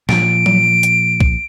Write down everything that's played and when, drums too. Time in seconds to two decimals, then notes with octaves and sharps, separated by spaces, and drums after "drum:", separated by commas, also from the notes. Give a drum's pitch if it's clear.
0.09 A#2 F3 D7, drum: snare
0.46 drum: tom F#3
0.83 drum: hi-hat
1.21 drum: kick